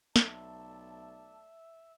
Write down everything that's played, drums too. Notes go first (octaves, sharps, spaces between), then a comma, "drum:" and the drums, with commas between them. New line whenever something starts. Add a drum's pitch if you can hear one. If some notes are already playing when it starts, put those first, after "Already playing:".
B1 A3 D5 E5 A5, drum: snare